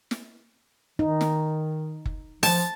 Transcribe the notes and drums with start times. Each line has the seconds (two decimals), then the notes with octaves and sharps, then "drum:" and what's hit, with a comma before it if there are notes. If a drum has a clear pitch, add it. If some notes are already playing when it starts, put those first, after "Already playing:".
0.11 drum: snare
0.99 D#3 D#4
1.21 drum: snare
2.06 drum: kick F#1
2.43 F3 A5, drum: open hi-hat